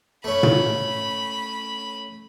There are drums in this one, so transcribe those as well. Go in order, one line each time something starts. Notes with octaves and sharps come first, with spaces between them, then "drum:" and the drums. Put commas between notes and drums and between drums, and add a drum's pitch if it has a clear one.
A3 C#4 B5
drum: tom